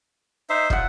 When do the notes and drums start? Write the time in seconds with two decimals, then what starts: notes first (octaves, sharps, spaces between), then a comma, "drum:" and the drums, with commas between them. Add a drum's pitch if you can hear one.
0.50 D#4 C5 E5
0.70 F4 E5 F#5, drum: kick